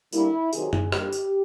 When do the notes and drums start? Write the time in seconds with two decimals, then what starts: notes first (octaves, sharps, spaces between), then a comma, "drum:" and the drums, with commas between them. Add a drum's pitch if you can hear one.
0.12 D3 G3 A#3 E4, drum: tambourine
0.53 C3 D#3 F#3 G#4, drum: tambourine
0.73 drum: tom F#2
0.92 D3 G3 A#3 G4, drum: rim click
1.13 drum: tambourine